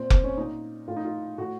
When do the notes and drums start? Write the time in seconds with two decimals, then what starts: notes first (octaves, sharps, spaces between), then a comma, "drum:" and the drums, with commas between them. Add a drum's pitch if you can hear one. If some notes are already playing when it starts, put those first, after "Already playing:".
Already playing: A#2 C4
0.10 C4, drum: kick F1
0.24 C#4
0.37 A#2 D#4
0.88 A2 F4
0.96 D#4
1.05 F4
1.38 A2 F#4